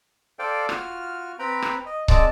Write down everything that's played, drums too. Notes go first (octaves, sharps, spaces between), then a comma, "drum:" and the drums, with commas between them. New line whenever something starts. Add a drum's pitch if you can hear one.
A4 C5 D5 F5 G5
F4 F#4 F6, drum: rim click
C4 B4 G5 A#5 B5
drum: rim click
D#5
G#3 C4 D5 D#5 A5, drum: kick C#1